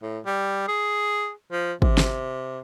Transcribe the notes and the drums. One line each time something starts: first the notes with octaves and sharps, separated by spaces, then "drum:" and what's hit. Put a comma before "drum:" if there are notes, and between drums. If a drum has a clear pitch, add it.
A2
G3
G#4
F3
C3, drum: kick
drum: snare